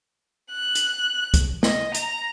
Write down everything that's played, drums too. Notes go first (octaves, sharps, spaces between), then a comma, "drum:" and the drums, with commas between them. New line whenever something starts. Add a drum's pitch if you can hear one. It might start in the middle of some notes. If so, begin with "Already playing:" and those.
F#6
drum: hi-hat
drum: kick, hi-hat
D#5, drum: snare
A#5, drum: hi-hat